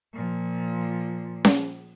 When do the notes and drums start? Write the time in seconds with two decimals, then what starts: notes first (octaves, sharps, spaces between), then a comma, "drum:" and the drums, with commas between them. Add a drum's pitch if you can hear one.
0.13 A#2 F3
1.45 drum: snare C#4